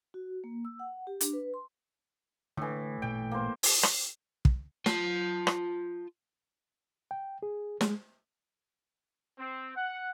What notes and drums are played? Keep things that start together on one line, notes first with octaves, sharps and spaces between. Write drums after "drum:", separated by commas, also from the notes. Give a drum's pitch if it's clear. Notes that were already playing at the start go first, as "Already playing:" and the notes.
F#4
A#3
E6
F#5
G4
D4, drum: hi-hat
B4
C6
A2 D3 E3 D4
A1 G2 A#2 G5
A#3 C5
drum: open hi-hat
drum: rim click
drum: kick
F4 A5, drum: snare
drum: rim click
G5
G#4
G#3, drum: snare
C4
F#5